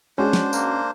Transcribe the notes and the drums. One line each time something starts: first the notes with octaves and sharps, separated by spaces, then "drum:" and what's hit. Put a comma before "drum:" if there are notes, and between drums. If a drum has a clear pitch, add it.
G#3 C#4 D4 F#4 C5
drum: snare
A#3, drum: tambourine